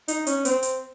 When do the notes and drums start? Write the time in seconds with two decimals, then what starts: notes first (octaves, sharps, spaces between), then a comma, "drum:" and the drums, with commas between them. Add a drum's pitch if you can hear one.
0.08 D#4, drum: hi-hat
0.27 C#4, drum: hi-hat
0.45 C4, drum: hi-hat
0.63 drum: hi-hat